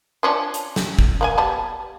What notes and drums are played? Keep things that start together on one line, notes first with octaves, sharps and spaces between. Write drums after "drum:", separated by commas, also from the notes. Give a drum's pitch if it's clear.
F3 C#4 D4
drum: hi-hat
drum: snare
drum: kick
A#3 B4 G#5
G3 B3 A5